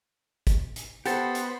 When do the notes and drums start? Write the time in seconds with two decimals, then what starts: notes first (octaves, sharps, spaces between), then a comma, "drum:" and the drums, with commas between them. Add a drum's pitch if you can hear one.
0.47 drum: kick, hi-hat
0.76 drum: hi-hat
1.06 B3 G4 A4 C5 F#5 B5 A6, drum: hi-hat
1.35 drum: hi-hat